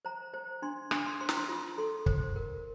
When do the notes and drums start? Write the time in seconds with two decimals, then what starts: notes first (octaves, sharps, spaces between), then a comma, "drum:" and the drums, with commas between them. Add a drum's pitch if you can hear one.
0.05 C5 A#5
0.34 C5
0.62 D4 C6
0.91 D4 C6, drum: rim click
1.06 C6
1.21 C5 C6
1.29 A#5, drum: snare
1.37 C6
1.49 F4
1.78 A4 C6
2.06 C5, drum: kick
2.36 A#4